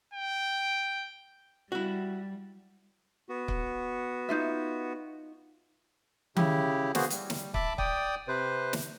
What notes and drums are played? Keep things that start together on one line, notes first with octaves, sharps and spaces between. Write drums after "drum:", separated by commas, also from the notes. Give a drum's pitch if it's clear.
G5
G3 E4 F#4
B3 F#4
drum: kick C#1
D#4 F4 E5
C#3 E4 G4, drum: tom D#3
A#3 B3 F#4 G#4 C5, drum: snare
G3, drum: hi-hat
drum: snare
E5 A5 B5 D6, drum: kick C#1
D5 G5 D#6, drum: kick C#1
C3 B4 C5
drum: snare